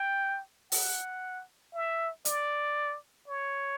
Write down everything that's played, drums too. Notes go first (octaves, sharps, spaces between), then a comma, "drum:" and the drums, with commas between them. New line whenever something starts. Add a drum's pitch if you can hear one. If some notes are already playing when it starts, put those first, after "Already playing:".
Already playing: G5
F#5, drum: open hi-hat
E5
D5, drum: hi-hat
C#5